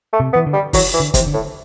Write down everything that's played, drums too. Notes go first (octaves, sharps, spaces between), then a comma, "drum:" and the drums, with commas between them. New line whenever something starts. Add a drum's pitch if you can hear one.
A3
C3
E3 B3
D3
G3
E3 F#3, drum: kick, open hi-hat
E3
D3
C3, drum: kick, hi-hat
E3
D3
A2